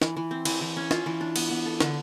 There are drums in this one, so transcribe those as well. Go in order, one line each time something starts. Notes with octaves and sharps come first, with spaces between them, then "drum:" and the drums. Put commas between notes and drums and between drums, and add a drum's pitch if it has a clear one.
E3, drum: snare
E3
C4
E3, drum: cymbal
E3
C#4
F4, drum: snare
E3
D4
B3, drum: cymbal
B3
A4
D3, drum: snare